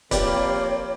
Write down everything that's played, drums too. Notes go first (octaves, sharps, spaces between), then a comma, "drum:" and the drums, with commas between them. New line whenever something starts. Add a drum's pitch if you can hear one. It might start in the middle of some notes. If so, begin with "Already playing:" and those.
F3 A#3 C4 G4 B4 C#5 D5, drum: kick, hi-hat